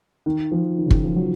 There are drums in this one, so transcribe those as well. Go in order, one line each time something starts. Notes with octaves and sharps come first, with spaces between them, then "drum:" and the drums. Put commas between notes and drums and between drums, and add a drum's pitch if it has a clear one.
D#3
F3
D#3
C#3
D#3, drum: kick
F3
F#3